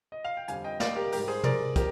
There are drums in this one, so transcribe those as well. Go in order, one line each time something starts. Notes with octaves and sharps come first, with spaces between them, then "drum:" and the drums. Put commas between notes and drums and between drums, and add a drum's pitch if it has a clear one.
D#5
F5
G5
F2 D3 G3 F5 G#5, drum: hi-hat
D#5 G5
D5 F5, drum: snare
G4 A#4
G#2 G3 G4 A#4, drum: open hi-hat
G#4 C5
A#4 D5, drum: tom
C3 F3 G4 A#4, drum: kick, hi-hat